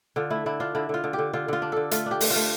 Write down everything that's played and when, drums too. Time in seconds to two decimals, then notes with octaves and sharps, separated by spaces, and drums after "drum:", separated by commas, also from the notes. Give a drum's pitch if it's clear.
0.16 D3 F4
0.30 A3 E4
0.46 D3 E4
0.60 D4 F4
0.75 D3 E4
0.89 D3 F4
1.04 D3
1.13 G4
1.19 D3
1.33 D3 F4
1.48 D3 F4
1.62 D4
1.72 D3 A4
1.91 A3 F4, drum: hi-hat
2.06 D4
2.11 G4
2.21 A3, drum: open hi-hat
2.30 F4
2.36 A3